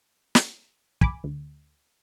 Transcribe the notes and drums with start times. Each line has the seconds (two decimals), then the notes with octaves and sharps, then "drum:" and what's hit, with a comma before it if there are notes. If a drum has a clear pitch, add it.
0.35 drum: snare
1.01 G#5 B5 D6, drum: kick
1.24 D2